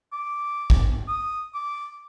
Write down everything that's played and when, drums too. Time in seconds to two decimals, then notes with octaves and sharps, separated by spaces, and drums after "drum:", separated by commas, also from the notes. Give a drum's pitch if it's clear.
0.12 D6
0.70 drum: kick
1.08 D#6
1.54 D6